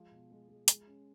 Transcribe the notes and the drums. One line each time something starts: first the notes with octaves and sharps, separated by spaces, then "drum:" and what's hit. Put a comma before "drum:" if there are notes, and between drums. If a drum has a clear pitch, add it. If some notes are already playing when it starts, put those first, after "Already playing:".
Already playing: F3 G#3
B2
G#3
G#3
G#3, drum: hi-hat
C#4